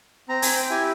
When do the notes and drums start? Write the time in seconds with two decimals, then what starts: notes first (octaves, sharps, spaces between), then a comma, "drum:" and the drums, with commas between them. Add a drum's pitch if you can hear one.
0.29 C4 A#5
0.42 G#5, drum: open hi-hat
0.56 G5
0.70 E4 G4 G#5